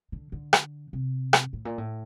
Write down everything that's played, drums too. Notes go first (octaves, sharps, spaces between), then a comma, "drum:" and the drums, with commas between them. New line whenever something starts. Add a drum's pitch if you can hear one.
D3
D3
drum: rim click
C3
drum: rim click
A2
A#2
A2